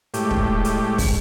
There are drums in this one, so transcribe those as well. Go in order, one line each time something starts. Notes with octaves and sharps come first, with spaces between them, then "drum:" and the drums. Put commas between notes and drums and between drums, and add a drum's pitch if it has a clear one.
A2 G#3 G4, drum: hi-hat
drum: kick
drum: hi-hat
drum: kick, open hi-hat